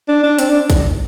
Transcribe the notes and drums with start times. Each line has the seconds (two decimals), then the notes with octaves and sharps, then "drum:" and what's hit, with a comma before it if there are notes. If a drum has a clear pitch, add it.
0.08 D4
0.23 D4
0.39 C4, drum: hi-hat
0.49 D4
0.70 drum: kick, hi-hat